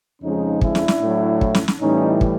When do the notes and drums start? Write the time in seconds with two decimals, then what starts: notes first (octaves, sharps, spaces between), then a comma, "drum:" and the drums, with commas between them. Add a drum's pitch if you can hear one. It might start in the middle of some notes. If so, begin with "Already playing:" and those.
0.22 F2 C#3 F3 G#3 C#4 D#4
0.61 D4 E4, drum: kick
0.75 drum: snare
0.88 drum: snare
1.01 A2 F#3
1.41 drum: kick
1.55 drum: snare
1.68 drum: snare
1.81 A2 E3 G3 C#4 D#4
2.21 drum: kick